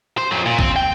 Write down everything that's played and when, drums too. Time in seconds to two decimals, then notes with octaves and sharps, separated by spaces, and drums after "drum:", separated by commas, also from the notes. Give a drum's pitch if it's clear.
0.18 C5
0.31 F2 F#3
0.46 A#2
0.59 C4, drum: kick
0.76 G5